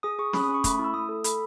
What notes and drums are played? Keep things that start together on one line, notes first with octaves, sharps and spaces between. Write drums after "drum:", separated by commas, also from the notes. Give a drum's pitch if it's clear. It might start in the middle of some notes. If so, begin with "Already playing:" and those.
G#4 D#6
G#4 C#6
C#4 B5, drum: snare
D#6
C#4
C#6
A3 B5, drum: kick, hi-hat
E4
E6
A3 D#6
A4 D#6
A4 B5, drum: hi-hat